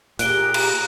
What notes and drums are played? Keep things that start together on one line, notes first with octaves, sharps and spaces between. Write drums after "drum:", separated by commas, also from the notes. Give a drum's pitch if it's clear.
A#2 G4 G#4 A#5 F#6 D7 G7, drum: hi-hat
drum: cymbal